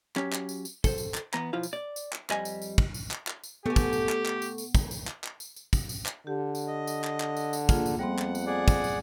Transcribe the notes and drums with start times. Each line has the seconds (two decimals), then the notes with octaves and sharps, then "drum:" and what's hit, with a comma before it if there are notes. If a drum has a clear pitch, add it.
0.16 F#3 C#4 G4, drum: clap
0.32 drum: clap
0.49 drum: tambourine
0.65 drum: tambourine
0.84 A4 C5, drum: kick, tambourine
0.98 drum: tambourine
1.14 drum: clap
1.34 E3 B3 A#5, drum: clap
1.53 B1 F3 E4 F4 F5
1.63 drum: tambourine
1.73 D5
1.96 drum: tambourine
2.12 drum: clap
2.30 F2 G3 D#5 G#5, drum: clap
2.45 drum: tambourine
2.62 drum: tambourine
2.78 drum: kick
2.94 drum: tambourine
3.11 drum: clap
3.27 drum: clap
3.44 drum: tambourine
3.66 A3 B3 G4 G#5
3.76 drum: kick, tambourine
3.93 drum: tambourine
4.09 drum: clap
4.25 drum: clap
4.42 drum: tambourine
4.58 drum: tambourine
4.75 drum: kick, tambourine
4.91 drum: tambourine
5.07 drum: clap
5.24 drum: clap
5.40 drum: tambourine
5.56 drum: tambourine
5.73 drum: kick, tambourine
5.89 drum: tambourine
6.06 drum: clap
6.27 D3 G4
6.55 drum: tambourine
6.67 D#5
6.87 drum: tambourine
7.04 drum: clap
7.20 drum: clap
7.37 drum: tambourine
7.53 drum: tambourine
7.69 A#3 F4 G#4, drum: kick, tambourine
7.86 drum: tambourine
7.99 F2 G3 B3 C4 F#5
8.18 drum: clap
8.35 drum: tambourine
8.46 G#4 D5 F#5
8.68 drum: kick, tambourine
8.84 drum: tambourine